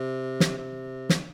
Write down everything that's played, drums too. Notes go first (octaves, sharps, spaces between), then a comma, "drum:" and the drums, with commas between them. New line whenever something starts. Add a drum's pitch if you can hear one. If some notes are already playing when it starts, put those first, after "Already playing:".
Already playing: C3
drum: snare
C3
drum: snare